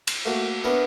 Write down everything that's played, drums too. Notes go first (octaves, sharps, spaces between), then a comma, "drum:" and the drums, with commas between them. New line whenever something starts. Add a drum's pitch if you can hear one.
C6, drum: cymbal
A3 A#3 F#4
B3 D4 E4 A#4 C#5